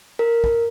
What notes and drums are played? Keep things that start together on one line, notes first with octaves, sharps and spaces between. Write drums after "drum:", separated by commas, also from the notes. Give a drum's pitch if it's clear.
A#4
drum: kick